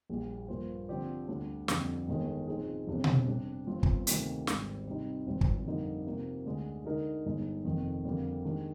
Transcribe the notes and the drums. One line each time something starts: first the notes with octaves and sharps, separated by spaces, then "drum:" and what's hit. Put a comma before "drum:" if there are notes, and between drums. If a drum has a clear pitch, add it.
A#1 A#2 G3
G2 F3 A#3 F4 C5
D3 F3 C4 G4 D5
D2 D3 G3 D4
F2 D3 G3 D4, drum: snare
G1 G2 D#3 G#3
A#2 F3 C4 D#4 G#4
G1 F2 C3 G3 D4
drum: tom B2
C3 G3 D4
G1 G2 F3 C4 F4
drum: kick
D2 C3 D#3 A#3, drum: hi-hat
G#1 G#2 G3, drum: snare
C3 G3 C4 D#4
G#1 G2 F3 C4
drum: kick
F2 D3 G3 A#3 D#4
C3 F3 A#3
D2 D3 G#3
D3 G#3 D#4 A#4
G1 G2 D3 G#3 D#4
F1 F2 D#3
F2 D3 G3 A#3
D#3 G#3 D4 G4